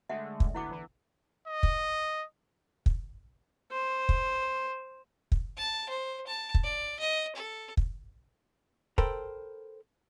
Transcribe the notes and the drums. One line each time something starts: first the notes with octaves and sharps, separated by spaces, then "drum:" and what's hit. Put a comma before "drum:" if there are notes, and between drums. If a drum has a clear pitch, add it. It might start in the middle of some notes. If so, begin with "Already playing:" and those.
D3 G#3 A3 E5 F#5
drum: kick
D3 B3 E4 F#5 D6
E3
D#5
drum: kick
drum: kick
C5
drum: kick
drum: kick
A5
C5
A5
drum: kick
D5
D#5
A4
drum: kick
A4 A#4 C5 G5 B5, drum: kick